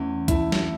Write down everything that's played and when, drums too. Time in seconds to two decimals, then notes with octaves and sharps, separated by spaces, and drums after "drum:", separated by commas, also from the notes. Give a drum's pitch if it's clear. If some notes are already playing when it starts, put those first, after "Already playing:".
Already playing: E2 A3 C#4
0.28 A3 E4, drum: kick C2, hi-hat
0.52 drum: snare